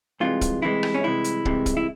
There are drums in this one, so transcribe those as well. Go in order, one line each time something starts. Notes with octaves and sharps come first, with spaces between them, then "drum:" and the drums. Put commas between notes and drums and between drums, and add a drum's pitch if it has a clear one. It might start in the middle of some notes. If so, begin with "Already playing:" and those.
C2 C3 E3 G#3 F4
drum: kick, hi-hat
C2 C3 E3 G#3 E4
drum: rim click
C#4
C2 C3 E3 G#3 E4
drum: hi-hat
C2 C3 E3 G#3, drum: kick
drum: kick, hi-hat
E4